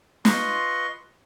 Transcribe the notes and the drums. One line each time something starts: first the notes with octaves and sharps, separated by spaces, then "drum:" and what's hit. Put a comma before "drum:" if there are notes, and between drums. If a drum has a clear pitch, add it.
F4 B4 D#5 C6 C#6, drum: snare